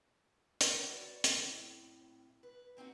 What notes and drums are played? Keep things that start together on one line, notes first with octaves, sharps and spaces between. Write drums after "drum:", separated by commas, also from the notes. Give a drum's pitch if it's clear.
D#3 D#4 G4 A4 E5 F#5, drum: hi-hat
F#4 B4 C#5 D5
A2 C4, drum: hi-hat
B4
A#3 C4 D#4 F#4